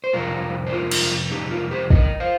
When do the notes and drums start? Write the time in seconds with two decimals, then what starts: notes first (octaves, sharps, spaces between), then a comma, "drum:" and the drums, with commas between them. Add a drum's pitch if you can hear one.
0.04 C5
0.13 F2 C3 G3 F4 A#4
0.67 C5
0.72 F4 A#4
0.91 drum: cymbal
1.31 D#4 G4
1.51 F4 A#4
1.71 G4 C5
1.90 A#4 D#5, drum: kick
2.20 C5 F5